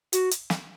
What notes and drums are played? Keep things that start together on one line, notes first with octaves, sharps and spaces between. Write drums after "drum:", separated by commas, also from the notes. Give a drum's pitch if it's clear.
F#4, drum: hi-hat
drum: hi-hat
drum: snare